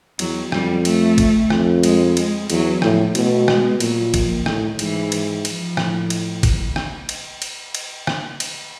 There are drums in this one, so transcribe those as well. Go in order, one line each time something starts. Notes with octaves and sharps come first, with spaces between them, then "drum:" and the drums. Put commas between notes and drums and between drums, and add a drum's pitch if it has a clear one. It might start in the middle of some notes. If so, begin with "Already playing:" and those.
E2 F#3, drum: cymbal
F2 G3, drum: rim click
A3, drum: cymbal
drum: kick, cymbal
F2, drum: rim click
G#3, drum: cymbal
G#3, drum: cymbal
E2 F#3, drum: cymbal
A2 F3, drum: rim click
B2 A3, drum: cymbal
G#3, drum: rim click
A#2 F#3, drum: cymbal
F3, drum: kick, cymbal
A2 D#3, drum: rim click
G#2 E3, drum: cymbal
drum: cymbal
F3, drum: cymbal
A2, drum: rim click
drum: cymbal
drum: kick, cymbal
drum: rim click
drum: cymbal
drum: cymbal
drum: cymbal
drum: rim click
drum: cymbal